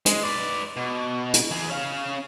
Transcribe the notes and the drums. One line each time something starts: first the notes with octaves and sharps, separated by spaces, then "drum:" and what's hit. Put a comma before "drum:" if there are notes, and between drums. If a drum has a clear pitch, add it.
G#3, drum: hi-hat
B4 D5
B2
drum: hi-hat
E3 G#4
C#4 F5